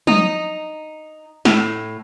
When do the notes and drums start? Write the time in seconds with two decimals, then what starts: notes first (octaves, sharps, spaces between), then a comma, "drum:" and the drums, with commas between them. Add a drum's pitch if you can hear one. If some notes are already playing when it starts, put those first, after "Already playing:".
0.07 D#4, drum: tom
1.45 A2, drum: snare